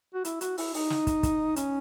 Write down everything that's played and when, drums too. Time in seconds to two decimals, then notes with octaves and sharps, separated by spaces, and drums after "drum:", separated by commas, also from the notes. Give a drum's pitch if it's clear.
0.14 F#4
0.25 E4, drum: hi-hat
0.41 F#4, drum: hi-hat
0.58 E4, drum: open hi-hat
0.74 D#4, drum: open hi-hat
0.90 drum: snare
1.07 drum: kick, hi-hat
1.23 drum: kick, hi-hat
1.56 C#4, drum: hi-hat